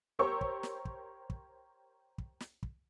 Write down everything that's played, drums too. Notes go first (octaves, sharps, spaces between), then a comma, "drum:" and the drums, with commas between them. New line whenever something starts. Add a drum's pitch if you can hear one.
G4 A#4 C5 C#5 C#6 E6
drum: kick
drum: snare
drum: kick
drum: kick
drum: kick
drum: snare
drum: kick